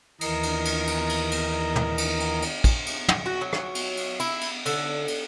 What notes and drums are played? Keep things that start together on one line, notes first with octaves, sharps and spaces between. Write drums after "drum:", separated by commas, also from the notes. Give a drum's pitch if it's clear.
D#2 E3 A#4 D#5 A#5, drum: cymbal
drum: cymbal
drum: cymbal
drum: cymbal
drum: cymbal
drum: cymbal
drum: tom
drum: cymbal
drum: cymbal
drum: cymbal
drum: kick, cymbal
drum: cymbal
drum: tom
F#4
F#3
drum: rim click
drum: cymbal
drum: cymbal
E4, drum: cymbal
drum: cymbal
D3, drum: cymbal
drum: cymbal